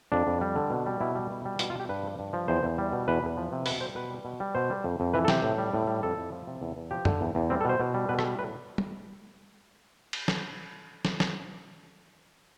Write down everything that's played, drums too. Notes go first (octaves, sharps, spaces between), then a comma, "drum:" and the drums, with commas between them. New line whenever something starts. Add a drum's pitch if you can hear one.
F2 D4
F2
G3
D3
B2
G3
B2 E4
G3
B2
G3
B2 F4, drum: hi-hat
F4
G3
G4
G2 B4
F3
G2
F3
E2 C5
E2
G3
B2
E2 B4
E2
F3
C3
B2 B4, drum: open hi-hat
G3 C5
B2 B4
G3
B2
G3
B2 C5
G3
F2
F2
E3 B4
A4
C3 G4, drum: snare
A2
G3
A2
G3
F2 A4
F2
F3
C3
E2
E2
F3 G4
D3, drum: tom
E2
E2
G3 C4
A4
B2 C5
B2
G3
B2 B4
A4, drum: rim click
G3
A2 B4
drum: tom
drum: cymbal
drum: snare
drum: snare
drum: snare